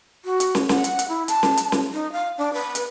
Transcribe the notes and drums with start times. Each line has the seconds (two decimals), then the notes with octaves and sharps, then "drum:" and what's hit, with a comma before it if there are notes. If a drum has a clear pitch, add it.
0.25 F#4
0.40 drum: hi-hat
0.55 drum: snare
0.69 F#5, drum: snare
0.84 drum: hi-hat
0.99 drum: hi-hat
1.09 E4
1.28 A5, drum: hi-hat
1.43 drum: snare
1.57 drum: hi-hat
1.72 drum: snare
1.93 D#4
2.12 F5
2.38 D4
2.54 B4
2.75 drum: hi-hat